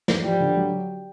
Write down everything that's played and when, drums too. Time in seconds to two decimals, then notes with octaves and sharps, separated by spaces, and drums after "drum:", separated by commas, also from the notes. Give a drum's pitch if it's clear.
0.08 E3, drum: snare
0.23 F3 G3
0.40 D3
0.56 F#3